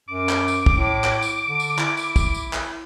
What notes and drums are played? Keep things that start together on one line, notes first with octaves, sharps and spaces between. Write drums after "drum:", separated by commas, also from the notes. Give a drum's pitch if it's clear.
F#2 D6
drum: clap
drum: tambourine
drum: kick
A2
drum: clap
drum: tambourine
D3
drum: tambourine
E4, drum: clap
drum: tambourine
drum: kick, tambourine
drum: tambourine
drum: clap